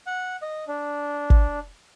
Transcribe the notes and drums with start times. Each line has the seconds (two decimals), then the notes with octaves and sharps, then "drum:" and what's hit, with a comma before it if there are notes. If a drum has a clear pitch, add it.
0.07 F#5
0.42 D#5
0.68 D4
1.30 drum: kick